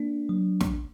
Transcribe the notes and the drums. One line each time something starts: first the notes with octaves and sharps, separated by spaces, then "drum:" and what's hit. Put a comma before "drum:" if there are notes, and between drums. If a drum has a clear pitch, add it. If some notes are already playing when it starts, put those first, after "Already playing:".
Already playing: A#3 D4
F#3
drum: snare